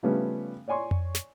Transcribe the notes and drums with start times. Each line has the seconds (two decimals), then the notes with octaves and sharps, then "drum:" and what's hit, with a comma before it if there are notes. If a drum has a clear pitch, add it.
0.03 C#3 F3 G3 A3 B3 C#4
0.68 C#5 D5 G#5 C6 C#6
0.91 drum: tom F2
1.15 drum: snare